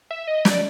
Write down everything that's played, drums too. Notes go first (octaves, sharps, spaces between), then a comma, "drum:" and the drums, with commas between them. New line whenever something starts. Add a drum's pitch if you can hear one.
E5
D#5
D5, drum: snare